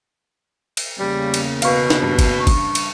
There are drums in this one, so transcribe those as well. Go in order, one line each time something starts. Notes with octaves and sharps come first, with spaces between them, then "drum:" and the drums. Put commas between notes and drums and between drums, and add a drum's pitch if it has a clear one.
drum: cymbal
E2 C#3 G3 A#3
drum: cymbal
B2 B4 F5 C#6, drum: cymbal
drum: snare
G2 G4
drum: kick, cymbal
C#6
drum: kick, cymbal
drum: cymbal